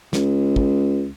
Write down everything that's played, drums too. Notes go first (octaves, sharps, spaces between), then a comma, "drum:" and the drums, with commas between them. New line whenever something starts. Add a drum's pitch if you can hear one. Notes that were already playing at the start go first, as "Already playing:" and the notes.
C#2, drum: snare
drum: kick